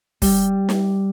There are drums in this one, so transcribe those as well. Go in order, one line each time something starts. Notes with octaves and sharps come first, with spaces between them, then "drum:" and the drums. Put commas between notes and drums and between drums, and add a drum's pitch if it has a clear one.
G3, drum: kick, open hi-hat
drum: snare